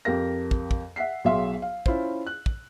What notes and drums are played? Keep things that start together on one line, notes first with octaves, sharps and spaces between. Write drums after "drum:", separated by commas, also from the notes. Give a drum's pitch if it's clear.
F2 G4 A#4 A#6
drum: kick
drum: kick
E5 F#5 B6 C7
B1 F#3 G#4 E5 F5 C6
F5
C#4 E4 F4 C5, drum: kick
F#6
drum: kick